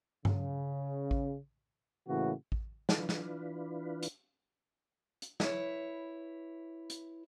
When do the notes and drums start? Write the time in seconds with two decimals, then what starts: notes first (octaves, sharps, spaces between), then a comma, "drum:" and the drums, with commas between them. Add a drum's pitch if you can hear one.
0.25 C#3, drum: tom G2
1.11 drum: kick A1
2.07 A2 C#3 E3 A#3 F#4
2.52 drum: kick A1
2.89 E3 D4 F4 B4, drum: snare
3.09 drum: snare
4.03 drum: hi-hat
5.22 drum: hi-hat
5.40 E4 B4 C#5, drum: snare
6.90 drum: hi-hat